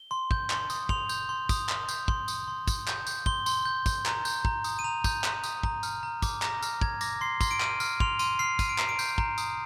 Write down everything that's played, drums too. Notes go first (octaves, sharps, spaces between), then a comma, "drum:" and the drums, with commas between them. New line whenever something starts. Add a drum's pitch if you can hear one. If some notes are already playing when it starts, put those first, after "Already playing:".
Already playing: G7
C6
G6, drum: kick
C6, drum: clap
D#6, drum: tambourine
C6 F7, drum: kick
G6, drum: tambourine
C6
D#6, drum: kick, tambourine
C6, drum: clap
G6, drum: tambourine
C6, drum: kick
D#6, drum: tambourine
C6
C6, drum: kick, tambourine
G6, drum: clap
G6, drum: tambourine
C6 G7, drum: kick
C6, drum: tambourine
G6
G6, drum: kick, tambourine
A#5, drum: clap
G6, drum: tambourine
A#5, drum: kick
D#6, drum: tambourine
D#7
A#5 F7
G6, drum: kick, tambourine
A#5, drum: clap
D#6, drum: tambourine
A#5, drum: kick
F6, drum: tambourine
A#5
D6, drum: kick, tambourine
A#5 A#6, drum: clap
F6, drum: tambourine
A#5 G#6, drum: kick
D6 A#6, drum: tambourine
C6 C7
C6, drum: kick, tambourine
D7
F6 D#7, drum: clap
F6, drum: tambourine
C6 F7, drum: kick
C6 D#7, drum: tambourine
F6 C7
F6 D#7, drum: kick, tambourine
D7
A#5 C7, drum: clap
D7
G6, drum: tambourine
A#5, drum: kick
D#6, drum: tambourine